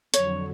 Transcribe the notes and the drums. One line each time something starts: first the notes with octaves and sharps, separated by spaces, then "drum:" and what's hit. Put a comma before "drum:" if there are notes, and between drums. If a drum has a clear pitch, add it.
F2 D3 F#3 C#5, drum: hi-hat